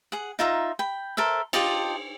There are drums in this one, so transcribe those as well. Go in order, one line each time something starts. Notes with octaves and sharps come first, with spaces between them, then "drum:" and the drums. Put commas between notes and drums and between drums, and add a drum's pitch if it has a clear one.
G#4 F#5
D#4 F4 E5 A#5
G5 B5
A4 A#4 C5 E5
F4 G4 D#5 A5, drum: cymbal